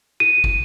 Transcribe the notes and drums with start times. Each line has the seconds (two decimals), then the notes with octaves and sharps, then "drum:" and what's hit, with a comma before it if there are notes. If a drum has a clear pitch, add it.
0.20 D#7
0.44 drum: kick